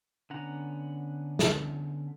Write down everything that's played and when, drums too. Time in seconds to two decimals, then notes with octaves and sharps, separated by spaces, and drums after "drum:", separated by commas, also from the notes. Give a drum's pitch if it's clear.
0.30 D3 B3 C#4 F#5 A#5
1.39 drum: snare